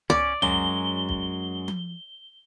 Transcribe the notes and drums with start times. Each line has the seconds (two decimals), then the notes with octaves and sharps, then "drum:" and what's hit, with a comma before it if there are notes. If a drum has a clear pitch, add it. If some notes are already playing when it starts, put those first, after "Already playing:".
0.10 C#4 D5, drum: tom
0.42 F#2 F#3 G#3 G7, drum: tom
1.09 drum: kick B1
1.68 drum: tom F3